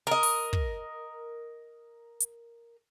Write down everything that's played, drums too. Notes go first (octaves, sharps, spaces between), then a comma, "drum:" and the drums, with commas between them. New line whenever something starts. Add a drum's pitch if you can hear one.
A#4 D#5
drum: open hi-hat
drum: kick
drum: hi-hat